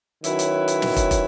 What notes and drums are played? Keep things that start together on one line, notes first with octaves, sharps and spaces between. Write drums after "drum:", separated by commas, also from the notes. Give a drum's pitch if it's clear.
D#3 F#3 C#4 E4 B4, drum: hi-hat
drum: hi-hat
drum: hi-hat
drum: snare
drum: kick, hi-hat
drum: kick, hi-hat